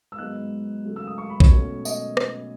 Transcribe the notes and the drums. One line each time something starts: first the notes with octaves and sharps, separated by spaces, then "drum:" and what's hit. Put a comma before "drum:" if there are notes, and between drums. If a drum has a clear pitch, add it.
E6
G#2 F#3 B3 D#4 F#6
C#3 F#3 A3
E6
D#6
C#6
B5
C#5, drum: kick A#1
B2 A3 C#4
D#5, drum: tambourine
drum: rim click